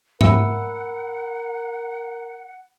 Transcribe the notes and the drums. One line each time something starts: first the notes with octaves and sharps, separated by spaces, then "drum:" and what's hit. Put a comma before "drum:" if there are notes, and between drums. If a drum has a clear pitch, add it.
A#4 E5 F#5 B5 E6 C#7, drum: tom G#2